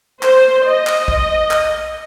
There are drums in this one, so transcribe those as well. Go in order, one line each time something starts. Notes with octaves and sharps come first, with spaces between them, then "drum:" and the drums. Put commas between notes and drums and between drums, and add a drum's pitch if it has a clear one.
C5, drum: clap
D#5
drum: clap
drum: kick
drum: clap